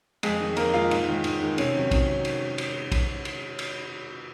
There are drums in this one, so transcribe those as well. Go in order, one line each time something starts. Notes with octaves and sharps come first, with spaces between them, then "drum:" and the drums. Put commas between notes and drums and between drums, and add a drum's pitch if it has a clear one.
F2 G#3 G#4, drum: cymbal
D#3 G#3
F2 A#3 A#4, drum: cymbal
D#3 G#3 F4 F5
G#2, drum: cymbal
D#3 G#3
G#2, drum: cymbal
D#3 G#3
C3 C#4 C#5, drum: cymbal
D#3 F#3
C3, drum: kick, cymbal
D#3 F#3
drum: cymbal
drum: cymbal
drum: kick, cymbal
drum: cymbal
drum: cymbal